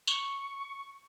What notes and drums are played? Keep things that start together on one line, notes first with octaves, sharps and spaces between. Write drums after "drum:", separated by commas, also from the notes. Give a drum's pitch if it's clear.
C#6, drum: tambourine